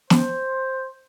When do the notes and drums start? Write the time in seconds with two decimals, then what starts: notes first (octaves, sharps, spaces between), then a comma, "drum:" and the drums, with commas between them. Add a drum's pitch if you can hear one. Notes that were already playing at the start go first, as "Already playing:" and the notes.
0.10 C5, drum: snare